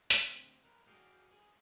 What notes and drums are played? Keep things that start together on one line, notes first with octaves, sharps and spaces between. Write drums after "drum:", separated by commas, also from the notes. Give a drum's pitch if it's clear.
D2 C4 C6, drum: hi-hat
A#4 B4
F#4 G#4 D5 D#5 F5 G5
G#4